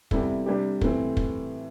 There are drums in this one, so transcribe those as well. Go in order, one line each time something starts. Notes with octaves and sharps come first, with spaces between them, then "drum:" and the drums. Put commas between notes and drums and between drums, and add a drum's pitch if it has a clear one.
E2 C3 G3 E4 A4, drum: kick
C3 G3 D4 G4
A2 E3 C4, drum: kick
drum: kick